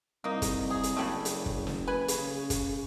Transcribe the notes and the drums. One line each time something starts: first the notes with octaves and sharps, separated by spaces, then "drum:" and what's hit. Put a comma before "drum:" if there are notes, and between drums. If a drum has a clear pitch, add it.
C2 A#3 D#4
drum: kick, hi-hat
G#4
drum: hi-hat
F#1 C#3 G3 A3
drum: hi-hat
drum: kick
drum: snare
B4 G#5
drum: hi-hat
C#3
drum: kick, hi-hat